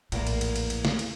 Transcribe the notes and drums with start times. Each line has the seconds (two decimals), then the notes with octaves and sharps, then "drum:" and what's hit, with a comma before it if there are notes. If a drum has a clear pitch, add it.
0.12 A#1 E2 A2 A#3, drum: cymbal
0.27 drum: cymbal
0.41 drum: cymbal
0.56 drum: cymbal
0.70 drum: cymbal
0.85 drum: snare
0.99 drum: cymbal